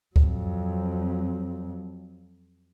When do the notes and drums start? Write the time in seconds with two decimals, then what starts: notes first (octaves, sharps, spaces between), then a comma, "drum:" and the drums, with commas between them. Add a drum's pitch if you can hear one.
0.16 F2 F#3, drum: kick C#2